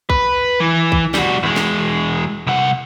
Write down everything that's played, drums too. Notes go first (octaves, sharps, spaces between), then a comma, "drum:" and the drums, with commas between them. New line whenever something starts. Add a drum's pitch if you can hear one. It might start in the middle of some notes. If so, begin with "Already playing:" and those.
B4, drum: kick B1
E3
drum: kick B1
G3 F#4, drum: snare
E2 G#3
drum: snare
C2 F#5